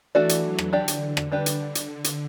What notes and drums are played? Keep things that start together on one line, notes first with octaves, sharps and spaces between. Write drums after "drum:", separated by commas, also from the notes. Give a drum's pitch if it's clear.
E3 A3 D4 F#4 A4 D5
drum: hi-hat
F#3
drum: rim click
D3 D4 G4 D5
drum: hi-hat
drum: rim click
D3 G3 D4 G4 B4
drum: hi-hat
drum: hi-hat
drum: hi-hat